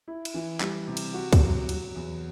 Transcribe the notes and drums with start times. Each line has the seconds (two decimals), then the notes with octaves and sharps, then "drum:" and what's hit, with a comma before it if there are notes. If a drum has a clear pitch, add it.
0.08 E4
0.25 drum: cymbal
0.34 E3
0.60 G3, drum: clap
0.88 C3
0.97 drum: cymbal
1.14 F#4
1.33 drum: kick C#2, cymbal
1.42 F#3
1.69 F#3, drum: cymbal
1.95 E2